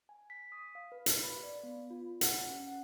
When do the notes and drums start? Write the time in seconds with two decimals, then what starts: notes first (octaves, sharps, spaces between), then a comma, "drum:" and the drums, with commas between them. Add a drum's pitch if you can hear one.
0.09 G#5
0.30 B6
0.52 D#6
0.75 F5
0.92 B4
1.06 drum: hi-hat
1.23 B5
1.43 D5
1.63 B3
1.90 F4
2.21 F#5, drum: hi-hat
2.47 C#4
2.67 F#5